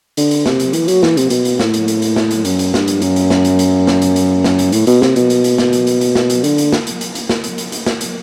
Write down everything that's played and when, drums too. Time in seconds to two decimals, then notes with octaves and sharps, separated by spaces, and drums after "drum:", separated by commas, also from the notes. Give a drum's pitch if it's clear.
0.17 D3, drum: hi-hat
0.31 drum: hi-hat
0.46 C3, drum: snare
0.60 drum: hi-hat
0.73 E3, drum: hi-hat
0.88 F#3, drum: hi-hat
1.03 E3, drum: snare
1.17 C3, drum: hi-hat
1.30 B2, drum: hi-hat
1.45 drum: hi-hat
1.59 A2, drum: snare
1.74 drum: hi-hat
1.88 drum: hi-hat
2.02 drum: hi-hat
2.16 drum: snare
2.31 drum: hi-hat
2.45 F#2, drum: hi-hat
2.59 drum: hi-hat
2.74 G2, drum: snare
2.88 drum: hi-hat
3.02 F#2, drum: hi-hat
3.16 drum: hi-hat
3.30 drum: snare
3.45 drum: hi-hat
3.59 drum: hi-hat
3.87 drum: snare
4.02 drum: hi-hat
4.16 drum: hi-hat
4.44 drum: snare
4.59 drum: hi-hat
4.72 A2, drum: hi-hat
4.87 B2, drum: hi-hat
5.02 C3, drum: snare
5.16 B2, drum: hi-hat
5.30 drum: hi-hat
5.44 drum: hi-hat
5.58 drum: snare
5.73 drum: hi-hat
5.87 drum: hi-hat
6.01 drum: hi-hat
6.15 drum: snare
6.30 drum: hi-hat
6.44 D3, drum: hi-hat
6.58 drum: hi-hat
6.72 drum: snare
6.87 drum: hi-hat
7.01 drum: hi-hat
7.15 drum: hi-hat
7.29 drum: snare
7.44 drum: hi-hat
7.58 drum: hi-hat
7.72 drum: hi-hat
7.86 drum: snare
8.01 drum: hi-hat